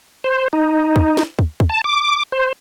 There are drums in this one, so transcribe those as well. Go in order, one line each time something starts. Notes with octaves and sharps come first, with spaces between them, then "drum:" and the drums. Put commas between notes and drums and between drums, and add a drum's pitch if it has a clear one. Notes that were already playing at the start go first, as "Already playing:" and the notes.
C5
D#4
drum: kick
drum: snare
drum: kick
drum: kick
A5
D6
C5